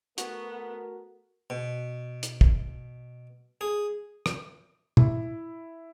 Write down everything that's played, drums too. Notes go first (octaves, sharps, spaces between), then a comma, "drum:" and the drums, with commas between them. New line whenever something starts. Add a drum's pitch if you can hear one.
A3 B3 F#4 A4 A#4, drum: hi-hat
B2
drum: hi-hat
drum: kick
G#4
drum: rim click
E4, drum: tom